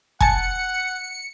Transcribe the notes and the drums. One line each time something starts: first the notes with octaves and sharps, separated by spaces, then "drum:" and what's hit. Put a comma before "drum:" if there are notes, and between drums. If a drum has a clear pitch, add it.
F#5 G#5 A5 C#7, drum: kick